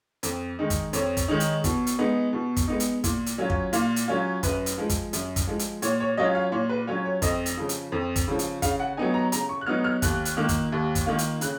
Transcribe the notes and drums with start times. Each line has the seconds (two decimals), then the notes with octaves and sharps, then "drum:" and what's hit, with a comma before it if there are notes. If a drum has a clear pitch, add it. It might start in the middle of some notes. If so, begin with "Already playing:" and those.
0.23 F2, drum: hi-hat
0.59 D#3 G#3 D#4
0.70 drum: kick, hi-hat
0.93 F2 C#5, drum: hi-hat
1.17 drum: kick, hi-hat
1.28 D#3 G#3 D#4
1.40 drum: hi-hat
1.64 B2, drum: kick, hi-hat
1.87 drum: hi-hat
1.99 G#3 B3 D#4
2.33 B2
2.57 drum: kick, hi-hat
2.68 G#3 B3 D#4
2.80 drum: hi-hat
3.04 A#2, drum: kick, hi-hat
3.26 drum: hi-hat
3.38 F#3 C#4 F4
3.50 drum: kick
3.73 A#2 F5, drum: hi-hat
3.96 drum: hi-hat
4.08 F#3 C#4 F4
4.43 F#2 B4, drum: kick, hi-hat
4.66 drum: hi-hat
4.78 F3 G#3
4.89 drum: kick, hi-hat
5.13 F#2, drum: hi-hat
5.36 drum: kick, hi-hat
5.47 F3 G#3
5.59 drum: hi-hat
5.82 A#2 C#5, drum: hi-hat
6.00 C#5
6.17 F#3 C#4 F4 D#5
6.35 F5
6.52 A#2 C#5
6.69 B4
6.87 F#3 C#4 F4 C#5
7.05 C#5
7.22 F2 D#5, drum: kick, hi-hat
7.46 drum: hi-hat
7.57 C#3 F3
7.69 drum: hi-hat
7.92 F2
8.16 drum: kick, hi-hat
8.28 C#3 F3
8.39 drum: hi-hat
8.62 C#3 F5, drum: kick, hi-hat
8.80 F#5
8.97 F#3 B3 D#4 G#5
9.14 A#5
9.32 C#3 A#5, drum: hi-hat
9.49 C#6
9.61 F#6
9.66 F#3 B3 D#4 F6
9.84 F6
10.02 D#2 F#6, drum: kick, hi-hat
10.25 drum: hi-hat
10.37 D#3 A#3 F4
10.49 drum: kick, hi-hat
10.72 D#2
10.95 drum: kick, hi-hat
11.06 D#3 A#3 F4
11.18 drum: hi-hat
11.41 C#3 F#6, drum: hi-hat